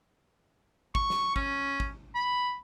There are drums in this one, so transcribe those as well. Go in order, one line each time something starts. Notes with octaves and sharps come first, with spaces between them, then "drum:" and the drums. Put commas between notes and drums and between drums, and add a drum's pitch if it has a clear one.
C#6, drum: kick
drum: snare
C#4, drum: kick
drum: kick
B5